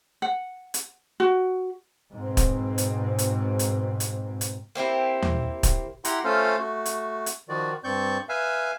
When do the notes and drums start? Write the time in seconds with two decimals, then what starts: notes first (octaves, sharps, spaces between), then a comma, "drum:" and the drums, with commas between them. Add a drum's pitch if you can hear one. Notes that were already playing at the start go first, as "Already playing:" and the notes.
0.22 F#5
0.74 drum: hi-hat
1.20 F#4
2.11 G#2 B2 C4
2.37 drum: kick, hi-hat
2.78 drum: hi-hat
3.19 drum: hi-hat
3.59 drum: hi-hat
4.00 drum: hi-hat
4.41 drum: hi-hat
4.75 A#3 C4 E4 G4
5.22 drum: tom D#2
5.63 drum: kick, hi-hat
6.05 E4 G4 F#5 G5 A#5 C6, drum: hi-hat
6.24 A3 C#4 F4 A4 C5 F5
6.57 A3 F#4
6.86 drum: hi-hat
7.26 drum: hi-hat
7.49 D#3 F3 F#4 D5
7.84 G2 C4 D5 C#6 G6
8.29 B4 E5 F5 G#5